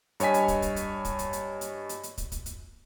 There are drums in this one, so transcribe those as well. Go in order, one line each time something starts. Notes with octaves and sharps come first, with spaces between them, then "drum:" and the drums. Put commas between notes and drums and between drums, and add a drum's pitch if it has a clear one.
G2 C#5 D#5 G#5 B6, drum: hi-hat
drum: hi-hat
drum: kick, hi-hat
drum: kick, hi-hat
drum: hi-hat
drum: kick, hi-hat
drum: hi-hat
drum: hi-hat
drum: hi-hat
drum: hi-hat
drum: hi-hat
drum: kick, hi-hat
drum: kick, hi-hat
drum: hi-hat